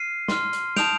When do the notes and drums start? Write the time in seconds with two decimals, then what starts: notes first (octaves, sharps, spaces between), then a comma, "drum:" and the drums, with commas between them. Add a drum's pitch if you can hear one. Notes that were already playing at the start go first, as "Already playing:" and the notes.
Already playing: F6 C7 D#7
0.28 C6 F6, drum: snare
0.53 drum: hi-hat
0.76 A5 D#6 G6 D7 F7, drum: snare